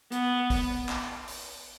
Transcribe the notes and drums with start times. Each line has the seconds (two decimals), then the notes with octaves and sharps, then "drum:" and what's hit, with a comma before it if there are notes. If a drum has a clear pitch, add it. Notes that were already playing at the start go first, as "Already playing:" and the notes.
0.12 B3, drum: hi-hat
0.50 drum: kick, open hi-hat
0.89 drum: clap
1.28 drum: open hi-hat